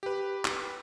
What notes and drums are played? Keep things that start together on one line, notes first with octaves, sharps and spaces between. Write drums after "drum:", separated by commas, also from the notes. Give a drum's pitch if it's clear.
G4 B4
drum: clap